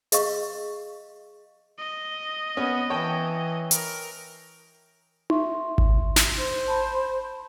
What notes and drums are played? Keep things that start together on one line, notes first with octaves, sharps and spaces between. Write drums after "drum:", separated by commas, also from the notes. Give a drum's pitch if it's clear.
G#4 D#5 F5 C#6, drum: hi-hat
D#5
B3 C#4
E3 C#5 G5 A5
A#4, drum: hi-hat
E5 C6 C#6, drum: tom D#4
drum: kick G#1
drum: snare
C5
A5 B5